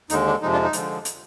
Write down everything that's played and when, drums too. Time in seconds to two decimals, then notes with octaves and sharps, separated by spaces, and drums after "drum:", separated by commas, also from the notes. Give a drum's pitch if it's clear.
0.10 D#2 D3 G#3 D#4, drum: hi-hat
0.27 D4
0.42 F2 C3 F3 G#3 D#4
0.52 D4 F4
0.63 D#4
0.73 D3 F3 G#3, drum: hi-hat
1.05 drum: hi-hat